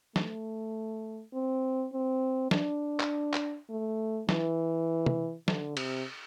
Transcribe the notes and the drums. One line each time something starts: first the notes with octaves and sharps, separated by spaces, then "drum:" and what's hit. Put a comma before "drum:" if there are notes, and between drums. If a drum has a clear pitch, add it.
A3, drum: snare
C4
C4
D4, drum: snare
drum: clap
drum: clap
A3
E3, drum: snare
drum: tom
D3, drum: snare
C3, drum: cymbal